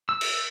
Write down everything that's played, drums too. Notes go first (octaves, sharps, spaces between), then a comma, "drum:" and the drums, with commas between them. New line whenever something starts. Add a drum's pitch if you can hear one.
E6
drum: cymbal